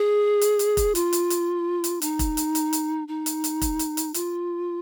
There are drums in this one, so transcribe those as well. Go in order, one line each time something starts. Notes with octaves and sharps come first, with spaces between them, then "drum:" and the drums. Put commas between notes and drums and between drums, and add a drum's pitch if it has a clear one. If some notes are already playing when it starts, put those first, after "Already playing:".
Already playing: G#4
drum: hi-hat
drum: hi-hat
drum: kick E1, hi-hat
F4, drum: hi-hat
drum: hi-hat
drum: hi-hat
drum: hi-hat
D#4, drum: hi-hat
drum: kick E1, hi-hat
drum: hi-hat
drum: hi-hat
drum: hi-hat
D#4
drum: hi-hat
drum: hi-hat
drum: kick E1, hi-hat
drum: hi-hat
drum: hi-hat
F4, drum: hi-hat